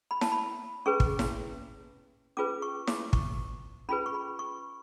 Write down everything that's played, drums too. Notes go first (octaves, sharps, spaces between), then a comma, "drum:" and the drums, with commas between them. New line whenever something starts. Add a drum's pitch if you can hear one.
B5
A5, drum: snare E4
B5
C#4 G#4 B4 C#6
drum: kick
drum: snare E4
C#4 F4 G#4 B4 D6
C#6
D6, drum: snare E4
C#6, drum: kick
C#4 F4 G#4 B4 B5
C#6
B5
C#6